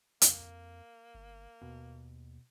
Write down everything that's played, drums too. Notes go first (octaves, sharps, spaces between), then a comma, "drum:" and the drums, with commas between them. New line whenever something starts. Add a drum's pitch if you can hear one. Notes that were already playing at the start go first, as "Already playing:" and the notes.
F2 A#3, drum: hi-hat
G1
D#2 B2